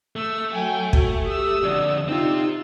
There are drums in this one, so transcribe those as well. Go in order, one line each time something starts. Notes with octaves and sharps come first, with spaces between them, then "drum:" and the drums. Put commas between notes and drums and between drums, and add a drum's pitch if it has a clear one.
A3 E6
F#3 G5 G#5
F#4, drum: kick
G4 D#6 E6
F2 D3 D5
C4 D#4 F4 G4 E6